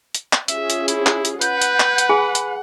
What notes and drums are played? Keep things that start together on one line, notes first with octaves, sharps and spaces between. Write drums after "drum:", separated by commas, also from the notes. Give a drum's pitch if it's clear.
drum: hi-hat
drum: clap
C#4 F4 G#4 E5, drum: hi-hat
drum: hi-hat
E4, drum: hi-hat
drum: clap
drum: hi-hat
B4 F#5 G6, drum: hi-hat
drum: hi-hat
drum: clap
drum: hi-hat
G#4 G#5 B5
drum: hi-hat